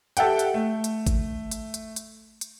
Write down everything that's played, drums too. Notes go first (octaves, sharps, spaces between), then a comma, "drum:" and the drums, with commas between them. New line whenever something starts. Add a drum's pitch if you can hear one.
G4 A4 E5 F#5 G5, drum: hi-hat
drum: hi-hat
A3
drum: hi-hat
drum: kick G#1, hi-hat
drum: hi-hat
drum: hi-hat
drum: hi-hat
drum: hi-hat